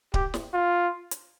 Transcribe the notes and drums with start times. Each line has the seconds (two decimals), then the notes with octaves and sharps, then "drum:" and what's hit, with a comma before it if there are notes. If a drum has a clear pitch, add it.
0.14 G4, drum: kick D1
0.34 drum: snare
0.53 F4
1.11 drum: hi-hat